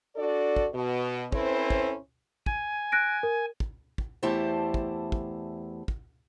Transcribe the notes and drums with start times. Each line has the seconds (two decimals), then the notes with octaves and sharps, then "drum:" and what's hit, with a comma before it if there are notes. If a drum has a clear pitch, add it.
0.15 D4 F#4 A4 D5
0.56 drum: kick
0.72 B2
1.32 C4 C#4 E4 A4 B4 C5, drum: kick
1.70 drum: kick
2.46 G#5, drum: kick
2.92 F#6 A#6 D7
3.23 A#4
3.60 drum: kick
3.98 drum: kick
4.23 E2 A3 E4 G4 C5 A5
4.74 drum: kick
5.12 drum: kick
5.88 drum: kick